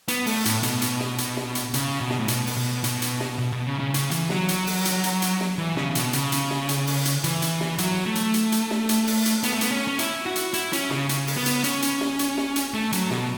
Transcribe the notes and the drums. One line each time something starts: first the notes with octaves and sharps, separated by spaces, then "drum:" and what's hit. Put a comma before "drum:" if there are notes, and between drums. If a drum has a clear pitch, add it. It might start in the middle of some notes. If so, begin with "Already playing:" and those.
B3, drum: hi-hat
A3, drum: open hi-hat
A2, drum: hi-hat
B2, drum: hi-hat
drum: hi-hat
drum: snare
drum: hi-hat
drum: snare
drum: hi-hat
C#3, drum: hi-hat
B2
drum: snare
A2
B2, drum: hi-hat
drum: open hi-hat
B2
B2, drum: hi-hat
drum: hi-hat
drum: snare
B2
B2
C#3
C#3
C#3, drum: hi-hat
E3, drum: hi-hat
F#3, drum: snare
drum: hi-hat
drum: open hi-hat
drum: hi-hat
drum: hi-hat
drum: hi-hat
drum: snare
E3
C#3, drum: snare
C#3
B2, drum: hi-hat
C#3, drum: hi-hat
drum: hi-hat
drum: snare
drum: hi-hat
drum: open hi-hat
drum: hi-hat
E3, drum: hi-hat
drum: hi-hat
drum: snare
F#3, drum: hi-hat
A3
drum: hi-hat
drum: hi-hat
drum: hi-hat
drum: snare
drum: hi-hat
drum: open hi-hat
drum: hi-hat
B3, drum: hi-hat
A3
B3, drum: hi-hat
C#4
C#4
E4, drum: hi-hat
F#4
drum: hi-hat
E4, drum: hi-hat
C#4, drum: hi-hat
C#3, drum: snare
C#3, drum: hi-hat
drum: open hi-hat
B3
drum: hi-hat
C#4, drum: hi-hat
drum: hi-hat
drum: snare
drum: hi-hat
drum: snare
drum: hi-hat
A3
F#3, drum: hi-hat
B2, drum: snare